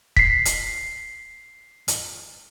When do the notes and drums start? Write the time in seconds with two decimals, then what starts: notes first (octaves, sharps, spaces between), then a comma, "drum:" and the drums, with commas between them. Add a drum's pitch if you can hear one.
0.17 B6 C7, drum: kick
0.45 drum: hi-hat
1.88 drum: hi-hat